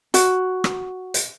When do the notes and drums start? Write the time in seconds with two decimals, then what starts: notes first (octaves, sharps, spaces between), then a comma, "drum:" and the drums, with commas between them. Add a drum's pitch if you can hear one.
0.14 F#4, drum: hi-hat
0.64 drum: rim click
1.14 drum: hi-hat